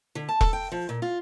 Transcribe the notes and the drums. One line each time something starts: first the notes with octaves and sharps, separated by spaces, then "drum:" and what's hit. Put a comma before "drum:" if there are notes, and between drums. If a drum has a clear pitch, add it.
D3
A5
A4, drum: kick E1
G5
F3
A#2
F4